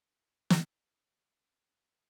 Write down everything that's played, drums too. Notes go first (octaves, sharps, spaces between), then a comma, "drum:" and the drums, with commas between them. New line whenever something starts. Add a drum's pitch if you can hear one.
F2 B2 F#3 E4 G#5
drum: snare
G1 F2 G#2 C4